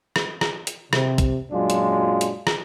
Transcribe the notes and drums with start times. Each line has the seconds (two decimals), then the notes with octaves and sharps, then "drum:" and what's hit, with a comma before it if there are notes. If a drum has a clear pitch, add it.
0.16 drum: rim click
0.41 drum: rim click
0.67 drum: hi-hat
0.93 C3, drum: rim click
1.18 drum: kick, hi-hat
1.52 F#2 A#2 F#3 G#3 D4 F4
1.70 drum: hi-hat
2.21 drum: hi-hat
2.47 drum: rim click